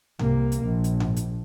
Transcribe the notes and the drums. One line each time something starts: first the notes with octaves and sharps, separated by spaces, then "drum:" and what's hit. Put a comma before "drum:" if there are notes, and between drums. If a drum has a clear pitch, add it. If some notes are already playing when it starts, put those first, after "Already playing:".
C2 A#3, drum: tom G#2
drum: hi-hat
A#1
drum: hi-hat
drum: tom G#2
drum: hi-hat